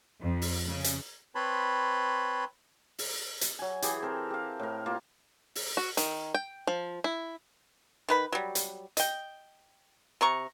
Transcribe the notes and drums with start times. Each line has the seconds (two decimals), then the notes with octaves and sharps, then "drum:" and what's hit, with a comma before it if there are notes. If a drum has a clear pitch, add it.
0.20 F2
0.42 drum: open hi-hat
0.66 C#3
0.84 drum: hi-hat
1.35 C4 B4 C#5 A5 B5 C6
2.98 drum: open hi-hat
3.41 drum: hi-hat
3.59 F#3 G#5
3.82 E3 G4 G#4, drum: hi-hat
4.02 C4 A4 A#4
4.30 G4 F5
4.60 A2 A#4
4.86 A#3 F4
5.55 drum: open hi-hat
5.77 F#4
5.97 D#3, drum: hi-hat
6.35 G5
6.67 F3
7.04 E4
8.09 D#3 B4 B5
8.32 F#3 G3
8.55 drum: hi-hat
8.97 D#5 G5, drum: hi-hat
10.21 C3 A#5 C#6